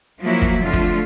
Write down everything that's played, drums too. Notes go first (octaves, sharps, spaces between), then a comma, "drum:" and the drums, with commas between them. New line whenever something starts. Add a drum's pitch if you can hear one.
F3 F#3 A#3 E4 F#4
drum: kick
F2 D3 A3 F4
drum: kick